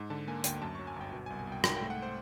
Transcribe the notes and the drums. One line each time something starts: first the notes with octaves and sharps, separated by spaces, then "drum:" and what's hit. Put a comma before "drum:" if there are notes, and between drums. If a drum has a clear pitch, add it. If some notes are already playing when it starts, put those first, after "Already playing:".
Already playing: G#2
D3 A5
A#3 G#5
D2 G5, drum: hi-hat
F#2 A5
F#3 C#6
G#5
G1 G5
B2
G#5
C2
G#5
C2 G5
G#2 G5, drum: rim click
G5
A3
F#5
C5